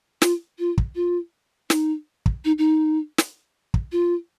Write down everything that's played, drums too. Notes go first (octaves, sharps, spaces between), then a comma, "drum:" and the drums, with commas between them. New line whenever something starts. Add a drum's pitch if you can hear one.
F4, drum: snare
F4
drum: kick
F4
D#4, drum: snare
drum: kick
D#4
D#4
drum: snare
drum: kick
F4